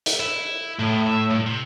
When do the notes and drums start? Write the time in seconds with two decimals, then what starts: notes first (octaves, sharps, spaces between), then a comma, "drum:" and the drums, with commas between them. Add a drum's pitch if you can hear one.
0.06 drum: hi-hat
0.20 E4
0.79 A2 E4 D#5
1.07 E5
1.30 G2
1.46 C3